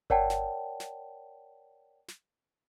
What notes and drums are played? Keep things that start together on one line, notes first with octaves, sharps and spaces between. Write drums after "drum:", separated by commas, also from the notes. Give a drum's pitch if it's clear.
A#4 C#5 D5 F#5 G5 A5, drum: kick G1
drum: snare
drum: snare
drum: snare